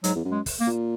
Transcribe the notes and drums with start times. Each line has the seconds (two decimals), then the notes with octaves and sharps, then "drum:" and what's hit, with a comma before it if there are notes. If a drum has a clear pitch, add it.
0.04 G#2 F#3, drum: hi-hat
0.15 E2
0.25 F#2
0.31 G#3
0.46 drum: kick, open hi-hat
0.60 A#3
0.67 A#2